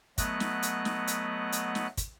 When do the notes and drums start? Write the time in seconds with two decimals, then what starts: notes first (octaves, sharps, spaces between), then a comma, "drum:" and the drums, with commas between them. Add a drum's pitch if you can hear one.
0.18 F#3 A3 B3 D#5 F#6, drum: kick, hi-hat
0.40 drum: snare
0.63 drum: hi-hat
0.85 drum: snare
1.08 drum: hi-hat
1.53 drum: hi-hat
1.75 drum: snare
1.97 drum: kick, hi-hat